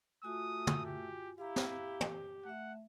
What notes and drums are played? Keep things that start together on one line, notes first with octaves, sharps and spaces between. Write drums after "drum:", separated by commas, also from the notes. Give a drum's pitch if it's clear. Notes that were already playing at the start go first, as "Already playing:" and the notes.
A3 F4 F#4 G#5 D#6
drum: tom
G4
E4 G4 F5 A#5
drum: snare
drum: tom
A3 E5 F#5